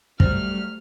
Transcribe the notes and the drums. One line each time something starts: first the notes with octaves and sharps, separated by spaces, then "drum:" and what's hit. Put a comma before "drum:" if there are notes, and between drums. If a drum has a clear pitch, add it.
F#3 G3 A3 C5 F6, drum: kick